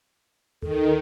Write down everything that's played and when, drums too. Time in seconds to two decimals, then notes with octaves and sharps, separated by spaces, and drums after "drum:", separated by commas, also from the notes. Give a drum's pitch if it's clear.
0.62 D#3 A4, drum: tom D2